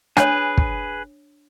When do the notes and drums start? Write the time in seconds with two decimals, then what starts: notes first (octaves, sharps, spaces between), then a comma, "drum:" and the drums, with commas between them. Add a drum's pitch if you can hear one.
0.17 D4 G#4 B4 C#5, drum: rim click
0.58 drum: kick